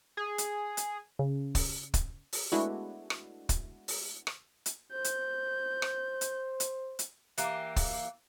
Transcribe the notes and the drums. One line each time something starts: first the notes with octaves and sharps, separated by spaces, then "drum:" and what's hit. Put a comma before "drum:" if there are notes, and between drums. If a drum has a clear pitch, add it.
G#4
drum: hi-hat
drum: hi-hat
C#3
drum: kick, open hi-hat
drum: kick, hi-hat
drum: open hi-hat
G#3 A3 B3 D4 E4 F#4
drum: rim click
drum: kick, hi-hat
drum: open hi-hat
drum: rim click
drum: hi-hat
C5 G6
drum: hi-hat
drum: rim click
drum: hi-hat
drum: hi-hat
drum: hi-hat
E3 A#3 G4, drum: hi-hat
drum: kick, open hi-hat